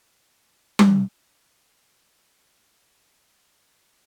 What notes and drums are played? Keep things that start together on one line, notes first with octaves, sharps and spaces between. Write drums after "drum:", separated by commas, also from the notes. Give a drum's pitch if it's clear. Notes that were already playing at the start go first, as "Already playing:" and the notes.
D#5 F#5 A#5 B5 E6
drum: tom G3
F#4 D#5 G5 E6